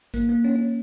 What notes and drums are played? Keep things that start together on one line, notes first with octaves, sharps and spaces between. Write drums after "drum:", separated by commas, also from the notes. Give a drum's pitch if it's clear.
A#3, drum: kick, hi-hat
A#3
C#4
C#4